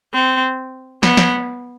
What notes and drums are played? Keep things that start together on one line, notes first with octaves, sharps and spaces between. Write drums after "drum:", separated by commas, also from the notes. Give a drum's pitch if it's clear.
C4
B3, drum: snare
drum: snare